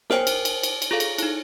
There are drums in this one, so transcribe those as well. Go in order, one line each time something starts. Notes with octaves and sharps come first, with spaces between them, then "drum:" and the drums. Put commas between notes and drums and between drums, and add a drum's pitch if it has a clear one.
A#4 C5 C#5 G5 G#5, drum: snare
drum: cymbal
drum: cymbal
drum: cymbal
drum: cymbal
F4 G#4 A4 F5
drum: cymbal
D#4 E4, drum: cymbal